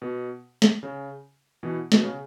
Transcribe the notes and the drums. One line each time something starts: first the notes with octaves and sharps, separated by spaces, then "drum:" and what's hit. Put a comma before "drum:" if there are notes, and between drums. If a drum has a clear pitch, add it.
B2
drum: snare
C#3
B2 E3
B2, drum: snare
C#3